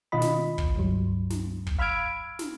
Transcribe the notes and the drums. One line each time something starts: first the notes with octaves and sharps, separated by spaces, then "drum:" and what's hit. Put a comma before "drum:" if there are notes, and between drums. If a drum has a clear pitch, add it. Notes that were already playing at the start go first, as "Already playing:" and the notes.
B2 D#3 F4 D#5 B5
drum: snare
drum: kick
C#2 G2 F#3
drum: snare
drum: kick
F5 B5 E6 F6 G#6 D7
drum: snare